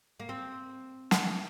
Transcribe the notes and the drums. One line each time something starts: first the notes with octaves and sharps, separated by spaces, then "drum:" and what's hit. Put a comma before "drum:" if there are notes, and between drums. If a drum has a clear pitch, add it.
A#3
C4
drum: snare